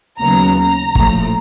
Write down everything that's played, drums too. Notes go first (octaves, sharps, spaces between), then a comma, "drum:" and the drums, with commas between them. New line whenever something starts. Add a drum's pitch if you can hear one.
D#2 C#3 F#3 B3 A#5
A#5
A#1 A2 F3 A3, drum: kick